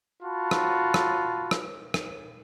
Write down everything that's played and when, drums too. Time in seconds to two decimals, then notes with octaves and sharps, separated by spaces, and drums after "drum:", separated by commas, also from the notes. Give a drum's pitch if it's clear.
0.23 F4 F#4 A5 B5
0.51 drum: rim click
0.94 drum: rim click
1.51 drum: rim click
1.94 drum: rim click